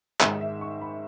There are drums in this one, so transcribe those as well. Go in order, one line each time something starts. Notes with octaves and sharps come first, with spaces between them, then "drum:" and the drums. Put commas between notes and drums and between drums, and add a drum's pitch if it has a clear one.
G#2 D#3 G#3 D#4 E5, drum: clap
E5
C#6
B5